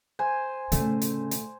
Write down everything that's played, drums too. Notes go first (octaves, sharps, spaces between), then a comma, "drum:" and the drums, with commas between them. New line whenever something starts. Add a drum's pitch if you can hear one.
C5 G#5
D2 A2 C#3 A3 C#4, drum: hi-hat
drum: hi-hat
drum: hi-hat